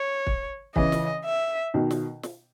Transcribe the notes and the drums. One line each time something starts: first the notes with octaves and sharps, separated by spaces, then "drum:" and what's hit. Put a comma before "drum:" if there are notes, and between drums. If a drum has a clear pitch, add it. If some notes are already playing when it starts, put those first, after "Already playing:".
Already playing: C#5
drum: kick
C#3 E3 D#5, drum: kick
drum: snare
E5
B2 D#3
drum: snare
drum: snare